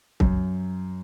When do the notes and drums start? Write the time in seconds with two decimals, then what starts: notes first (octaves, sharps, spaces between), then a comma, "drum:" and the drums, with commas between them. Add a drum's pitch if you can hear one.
0.20 F#2, drum: kick C2